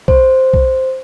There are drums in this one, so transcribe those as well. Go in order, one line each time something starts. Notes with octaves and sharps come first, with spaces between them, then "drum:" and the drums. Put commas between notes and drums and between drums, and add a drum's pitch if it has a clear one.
C5, drum: kick B1
drum: kick B1